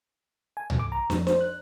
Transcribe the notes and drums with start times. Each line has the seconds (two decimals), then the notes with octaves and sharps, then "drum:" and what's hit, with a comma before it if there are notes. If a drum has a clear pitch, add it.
0.57 G#5
0.70 drum: tom C2
0.79 D6
0.92 A#5
1.10 F2, drum: snare
1.27 C5, drum: snare
1.41 F#6